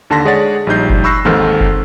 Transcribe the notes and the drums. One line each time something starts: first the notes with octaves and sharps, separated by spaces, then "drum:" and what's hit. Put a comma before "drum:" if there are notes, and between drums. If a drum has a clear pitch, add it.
D#2 D3 A5 C6 A#6 B6
G#3 G#4 C#5 D5 F#5 A6
A#1 G3 D#4 G6 C7
drum: kick F#1
B5 C#6 E6 F#6 A#6 C7
D#2 G#2 D#3 C4 A4 F6, drum: tom
drum: kick F#1